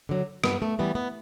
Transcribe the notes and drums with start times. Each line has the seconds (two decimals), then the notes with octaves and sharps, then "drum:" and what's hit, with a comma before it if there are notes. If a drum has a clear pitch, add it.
0.09 D3 F#3
0.44 G2 B3, drum: rim click
0.62 A3
0.79 E3 G3 B3
0.95 B3